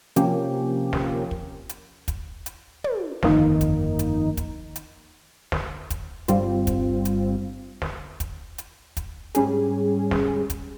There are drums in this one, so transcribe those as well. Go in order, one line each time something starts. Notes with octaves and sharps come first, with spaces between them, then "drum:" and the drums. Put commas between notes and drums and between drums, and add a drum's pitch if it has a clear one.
C3 F3 A#3 C#4 G4, drum: hi-hat
drum: snare
drum: kick
drum: hi-hat
drum: kick, hi-hat
drum: hi-hat
drum: tom
G1 F2 D#3 A#3 D#4, drum: snare
drum: kick, hi-hat
drum: hi-hat
drum: kick, hi-hat
drum: hi-hat
drum: snare
drum: kick, hi-hat
G1 G2 G3 C4 F4, drum: hi-hat
drum: kick, hi-hat
drum: hi-hat
drum: snare
drum: kick, hi-hat
drum: hi-hat
drum: kick, hi-hat
G#2 G3 C#4 G#4, drum: hi-hat
drum: snare
drum: kick, hi-hat